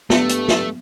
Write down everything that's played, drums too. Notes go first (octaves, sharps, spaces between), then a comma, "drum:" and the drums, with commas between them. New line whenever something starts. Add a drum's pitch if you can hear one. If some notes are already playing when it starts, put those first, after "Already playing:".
G2 A3 B3, drum: snare
drum: hi-hat
drum: snare